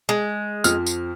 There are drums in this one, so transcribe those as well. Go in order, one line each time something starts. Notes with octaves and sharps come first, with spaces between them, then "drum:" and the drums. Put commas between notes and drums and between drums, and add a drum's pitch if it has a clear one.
G#3
F2 F3 F6, drum: tambourine
drum: tambourine